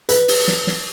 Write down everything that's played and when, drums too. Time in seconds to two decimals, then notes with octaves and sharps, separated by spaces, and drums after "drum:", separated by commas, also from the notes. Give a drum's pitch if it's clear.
0.09 B4, drum: hi-hat
0.28 drum: open hi-hat
0.48 drum: snare
0.67 drum: snare